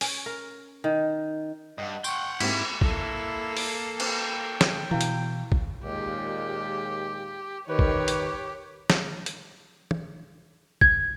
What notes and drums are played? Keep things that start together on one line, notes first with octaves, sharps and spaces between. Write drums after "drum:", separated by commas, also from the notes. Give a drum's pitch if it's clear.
C#4, drum: open hi-hat
A#4
D#3
G2 D#5 F#5
F#5 G5 C6 C#6, drum: tambourine
G#2 A#3 C4 E4 G4, drum: cymbal
A#3 E4 A4, drum: kick G#1
drum: open hi-hat
B4 C5 F5 G5, drum: cymbal
drum: snare
B2 E3 E4 F5
drum: hi-hat
drum: kick G#1
D#2 A#2 G#3 G4
D#3 G4 B4 C#5
drum: kick G#1
drum: hi-hat
drum: snare
drum: hi-hat
drum: tom
G#6, drum: kick G#1